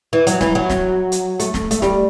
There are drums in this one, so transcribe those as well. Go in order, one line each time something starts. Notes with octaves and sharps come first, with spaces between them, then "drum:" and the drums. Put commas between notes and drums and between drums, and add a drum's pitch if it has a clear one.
E3
F#3, drum: hi-hat
E3, drum: snare
F#3
drum: snare
drum: hi-hat
A3, drum: hi-hat
drum: snare
A3, drum: hi-hat
G3, drum: snare